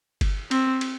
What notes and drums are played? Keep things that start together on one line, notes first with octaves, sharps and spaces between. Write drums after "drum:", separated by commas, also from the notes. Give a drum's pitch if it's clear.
drum: kick G1, cymbal
C4, drum: cymbal
drum: cymbal